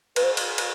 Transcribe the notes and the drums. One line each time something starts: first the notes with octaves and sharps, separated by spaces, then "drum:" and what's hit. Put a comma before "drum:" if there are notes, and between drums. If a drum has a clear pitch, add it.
B4, drum: cymbal
C5
drum: cymbal
drum: cymbal